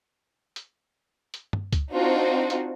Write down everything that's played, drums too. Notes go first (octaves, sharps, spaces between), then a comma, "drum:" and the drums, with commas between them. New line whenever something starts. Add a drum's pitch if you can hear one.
drum: hi-hat
drum: hi-hat
drum: tom
drum: kick C#2, hi-hat
C4 D4 D#4 F4 F#4
drum: hi-hat